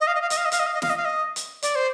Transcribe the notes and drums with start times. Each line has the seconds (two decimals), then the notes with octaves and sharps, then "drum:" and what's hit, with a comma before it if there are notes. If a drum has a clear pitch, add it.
0.01 D#5
0.07 F5
0.15 D#5
0.22 F5
0.30 D#5, drum: hi-hat
0.37 F5
0.45 D#5
0.52 F5, drum: hi-hat
0.59 D#5
0.67 F5
0.74 D#5
0.82 F5, drum: snare
0.90 D#5
0.97 F5
1.05 D#5
1.36 drum: hi-hat
1.63 D5, drum: hi-hat
1.75 C5